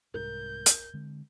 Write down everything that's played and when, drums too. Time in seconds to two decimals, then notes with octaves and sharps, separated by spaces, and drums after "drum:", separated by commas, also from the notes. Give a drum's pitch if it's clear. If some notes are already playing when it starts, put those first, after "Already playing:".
0.14 C2 G#2 A#4 G6
0.66 drum: hi-hat
0.94 D3 G#3 C4